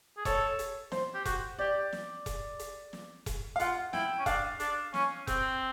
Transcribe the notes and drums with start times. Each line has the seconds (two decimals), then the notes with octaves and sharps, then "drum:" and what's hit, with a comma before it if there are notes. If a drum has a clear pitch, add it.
0.17 G#4
0.25 A4 C#5, drum: kick E1, hi-hat
0.59 drum: hi-hat
0.92 C5, drum: snare
1.14 G4
1.25 F#4, drum: kick E1, hi-hat
1.59 G4 D5
1.93 drum: snare
2.26 drum: kick E1, hi-hat
2.59 drum: hi-hat
2.93 drum: snare
3.26 drum: kick E1, hi-hat
3.56 F5
3.59 F4 F#5, drum: hi-hat
3.93 E4 G5, drum: snare
4.19 C#4
4.26 D4 F5, drum: kick E1, hi-hat
4.60 D4, drum: hi-hat
4.94 C#4, drum: snare
5.27 C4, drum: kick E1, hi-hat